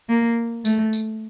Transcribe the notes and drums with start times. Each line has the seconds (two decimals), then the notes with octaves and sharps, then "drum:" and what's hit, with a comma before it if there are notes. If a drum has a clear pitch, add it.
0.09 A#3
0.65 A3, drum: tambourine
0.93 drum: tambourine